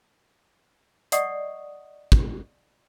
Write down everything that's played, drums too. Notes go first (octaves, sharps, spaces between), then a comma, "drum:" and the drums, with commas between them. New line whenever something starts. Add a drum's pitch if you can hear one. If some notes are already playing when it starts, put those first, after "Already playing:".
D5 D#5 F#5 C#6 D#6, drum: hi-hat
drum: kick